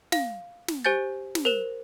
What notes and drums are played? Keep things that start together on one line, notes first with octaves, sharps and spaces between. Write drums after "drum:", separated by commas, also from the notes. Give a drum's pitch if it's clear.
F5, drum: snare
drum: snare
G4 C5 G#5 G6 A6
drum: snare
A#4 C5 E7